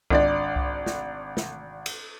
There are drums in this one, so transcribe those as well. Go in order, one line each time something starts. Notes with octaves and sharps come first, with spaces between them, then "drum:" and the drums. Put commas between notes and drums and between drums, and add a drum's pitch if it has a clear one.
G#1 D4 D5, drum: kick C2
drum: kick C2
drum: snare
drum: snare
drum: cymbal